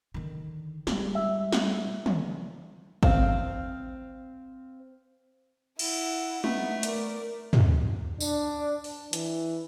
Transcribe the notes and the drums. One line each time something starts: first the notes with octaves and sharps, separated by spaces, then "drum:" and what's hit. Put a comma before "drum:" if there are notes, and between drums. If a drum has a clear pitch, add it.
D3 D#3
G3 G#3, drum: snare
E5
drum: snare
drum: tom
C4 F5, drum: kick G#1
E4 F#5, drum: cymbal
A3 B3 D#4, drum: tom
A#4 D5, drum: hi-hat
drum: tom
D4, drum: tambourine
drum: open hi-hat
E3, drum: hi-hat